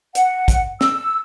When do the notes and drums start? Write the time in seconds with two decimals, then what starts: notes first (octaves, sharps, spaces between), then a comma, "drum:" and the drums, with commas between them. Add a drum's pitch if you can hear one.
0.15 F#5, drum: hi-hat
0.48 drum: kick, hi-hat
0.81 E6, drum: snare